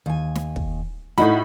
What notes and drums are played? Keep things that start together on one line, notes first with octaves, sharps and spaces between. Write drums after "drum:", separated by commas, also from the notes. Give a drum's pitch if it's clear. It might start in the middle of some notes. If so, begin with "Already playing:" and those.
D#2 G#5
drum: snare
drum: kick
A2 D#4 F#4 B5, drum: snare